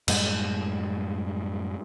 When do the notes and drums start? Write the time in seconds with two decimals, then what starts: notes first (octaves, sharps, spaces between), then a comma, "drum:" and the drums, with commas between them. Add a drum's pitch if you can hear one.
0.08 F#2 A2 G3 G#3, drum: cymbal